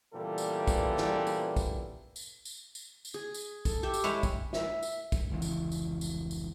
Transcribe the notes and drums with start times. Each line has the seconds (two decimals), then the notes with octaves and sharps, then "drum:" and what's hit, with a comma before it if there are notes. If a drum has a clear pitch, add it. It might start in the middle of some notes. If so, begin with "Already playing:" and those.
0.14 A#2 C#3 E3 G3 B3 A4
0.38 drum: tambourine
0.67 drum: kick, tambourine
0.97 drum: snare
1.27 drum: tambourine
1.56 drum: kick, tambourine
2.16 drum: tambourine
2.45 drum: tambourine
2.75 drum: tambourine
3.05 drum: tambourine
3.14 G#4
3.34 drum: tambourine
3.65 A4, drum: kick, tambourine
3.83 G4 E5 G5
3.94 drum: tambourine
4.04 G#3 E4 C#5
4.23 drum: kick, tambourine
4.53 E5, drum: snare
4.83 drum: tambourine
5.12 drum: kick, tambourine
5.30 F1 C#2 E3
5.42 drum: tambourine
5.72 drum: tambourine
6.01 drum: tambourine
6.31 drum: tambourine